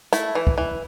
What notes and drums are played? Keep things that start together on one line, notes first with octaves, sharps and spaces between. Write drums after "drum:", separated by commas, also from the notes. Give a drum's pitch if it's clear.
A3 E4, drum: hi-hat
E3
drum: kick
E3